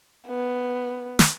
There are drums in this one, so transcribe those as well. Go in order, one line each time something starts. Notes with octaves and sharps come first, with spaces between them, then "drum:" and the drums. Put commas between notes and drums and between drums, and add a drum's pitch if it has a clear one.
B3
drum: snare